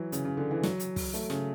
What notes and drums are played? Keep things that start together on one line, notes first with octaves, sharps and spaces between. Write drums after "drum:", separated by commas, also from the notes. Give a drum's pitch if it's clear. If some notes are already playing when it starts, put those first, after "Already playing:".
Already playing: E3 F#3
C#3, drum: hi-hat
C#3
D3
E3
F#3, drum: snare
drum: hi-hat
drum: kick, open hi-hat
A3, drum: hi-hat
C#3, drum: snare